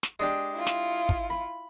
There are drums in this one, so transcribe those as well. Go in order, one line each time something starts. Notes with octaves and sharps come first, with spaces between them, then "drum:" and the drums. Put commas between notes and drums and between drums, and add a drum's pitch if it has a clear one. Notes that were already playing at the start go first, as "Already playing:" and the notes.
drum: snare
G#3 D4 G4
E4 F4
drum: snare
drum: kick
B5